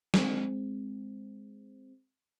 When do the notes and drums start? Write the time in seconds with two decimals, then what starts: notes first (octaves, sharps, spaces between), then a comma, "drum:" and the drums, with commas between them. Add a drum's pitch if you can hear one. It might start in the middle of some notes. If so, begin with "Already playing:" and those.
0.14 G#3 C4, drum: snare